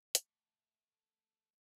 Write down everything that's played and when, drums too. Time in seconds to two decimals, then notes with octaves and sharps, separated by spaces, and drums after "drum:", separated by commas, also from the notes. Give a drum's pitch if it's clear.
0.15 A3 G4, drum: hi-hat